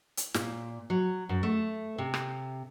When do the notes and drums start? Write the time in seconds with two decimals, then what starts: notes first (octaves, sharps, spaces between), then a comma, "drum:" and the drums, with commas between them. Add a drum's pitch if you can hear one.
0.17 drum: hi-hat
0.34 A#2, drum: snare
0.90 F#3
1.29 F#2
1.43 A3
1.98 C3
2.14 drum: rim click